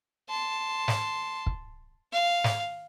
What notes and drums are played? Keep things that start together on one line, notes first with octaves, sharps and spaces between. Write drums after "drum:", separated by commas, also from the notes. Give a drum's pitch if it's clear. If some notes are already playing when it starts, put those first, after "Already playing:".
A5 C6
drum: snare
drum: kick
F5
drum: snare